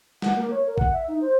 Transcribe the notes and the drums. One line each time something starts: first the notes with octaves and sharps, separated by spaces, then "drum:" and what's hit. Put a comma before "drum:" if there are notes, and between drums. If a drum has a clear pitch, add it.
F#5, drum: snare
A#3
C#5
A#4
F#5, drum: kick A1
E5
D#4
C5